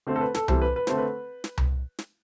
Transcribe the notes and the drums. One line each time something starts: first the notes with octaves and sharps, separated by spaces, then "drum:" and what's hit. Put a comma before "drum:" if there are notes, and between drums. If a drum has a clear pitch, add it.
D3 A3 C4
A4
B4
A4, drum: snare
E3 G3 C4 A4 C5, drum: tom C2
B4
B4
D3 A3 C4 C5, drum: snare
B4
drum: snare
drum: tom C2
drum: snare